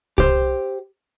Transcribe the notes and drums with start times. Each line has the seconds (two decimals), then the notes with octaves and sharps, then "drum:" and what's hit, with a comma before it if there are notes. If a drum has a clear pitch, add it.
0.18 G4 C5, drum: kick C2